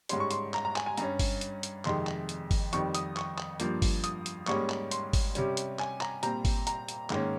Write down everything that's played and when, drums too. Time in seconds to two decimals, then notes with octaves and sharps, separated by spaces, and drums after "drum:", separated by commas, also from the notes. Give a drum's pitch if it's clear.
0.09 G#2 G3 C#4 C6, drum: hi-hat
0.20 C#6
0.31 C6, drum: hi-hat
0.54 A#5, drum: clap
0.65 A#5
0.76 G#5, drum: clap
0.86 G#5
0.97 G2 G3 C#4 A#5, drum: hi-hat
1.19 drum: kick G1, open hi-hat
1.41 drum: hi-hat
1.63 drum: hi-hat
1.85 F2 C3 D#3 G#3 C6, drum: clap
2.07 drum: clap
2.29 drum: hi-hat
2.51 drum: kick G1, open hi-hat
2.73 F2 D#3 G3 C4 C#6, drum: hi-hat
2.95 D#6, drum: hi-hat
3.17 C#6, drum: clap
3.38 drum: clap
3.60 G2 F3 A#3, drum: hi-hat
3.82 drum: kick G1, open hi-hat
4.04 D#6, drum: hi-hat
4.26 drum: hi-hat
4.47 G#2 G3 A#3 C#4 C#6, drum: clap
4.70 drum: clap
4.91 C6, drum: hi-hat
5.13 drum: kick G1, open hi-hat
5.35 C3 G3 C#4, drum: hi-hat
5.57 drum: hi-hat
5.79 G#5, drum: clap
6.01 A#5, drum: clap
6.23 A#2 G3 C4 A#5, drum: hi-hat
6.45 drum: kick G1, open hi-hat
6.67 A#5, drum: hi-hat
6.88 drum: hi-hat
7.10 G#2 D#3 A#3 C#4, drum: clap